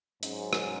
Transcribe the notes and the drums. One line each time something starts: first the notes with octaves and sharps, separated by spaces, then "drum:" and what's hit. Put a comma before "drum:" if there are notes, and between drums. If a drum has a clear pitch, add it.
G#2 F#3 C#4, drum: hi-hat
drum: rim click